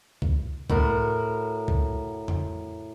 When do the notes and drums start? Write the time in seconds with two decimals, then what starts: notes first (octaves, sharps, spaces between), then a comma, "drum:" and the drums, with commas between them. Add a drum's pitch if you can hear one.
0.22 drum: kick C#2
0.70 A2 F#4 A#4, drum: kick C#2
1.68 drum: kick C#2
2.28 drum: tom F2